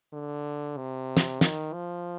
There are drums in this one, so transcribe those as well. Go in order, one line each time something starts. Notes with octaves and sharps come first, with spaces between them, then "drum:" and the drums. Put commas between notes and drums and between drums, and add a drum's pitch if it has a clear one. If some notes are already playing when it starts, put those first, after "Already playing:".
D3
C3
drum: snare
D#3, drum: snare
F3